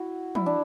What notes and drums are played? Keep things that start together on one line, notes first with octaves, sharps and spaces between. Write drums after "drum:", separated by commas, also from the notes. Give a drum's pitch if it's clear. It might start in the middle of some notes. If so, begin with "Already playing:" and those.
Already playing: E4 F#4
E4, drum: tom
D4